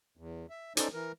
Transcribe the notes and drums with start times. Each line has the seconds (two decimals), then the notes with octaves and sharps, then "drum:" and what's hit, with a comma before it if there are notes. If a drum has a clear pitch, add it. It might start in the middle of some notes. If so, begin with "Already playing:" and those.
0.17 E2
0.50 E5
0.77 C#4 D#4 A4 C5 D5, drum: hi-hat
0.93 E3 A#4